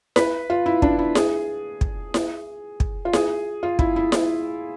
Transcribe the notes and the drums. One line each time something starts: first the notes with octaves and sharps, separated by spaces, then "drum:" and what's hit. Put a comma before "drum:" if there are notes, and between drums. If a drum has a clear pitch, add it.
B4, drum: snare E4
F4
E4
D4, drum: kick
E4
G#4, drum: snare E4
drum: kick
drum: snare E4
drum: kick
F4
G#4, drum: snare E4
F4
E4, drum: kick
E4
drum: snare E4